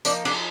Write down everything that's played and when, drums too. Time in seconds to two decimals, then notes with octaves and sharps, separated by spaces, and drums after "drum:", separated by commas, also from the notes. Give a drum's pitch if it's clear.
0.05 F3 A#3 D4 D#4 D5, drum: tambourine
0.25 D4 D5, drum: cymbal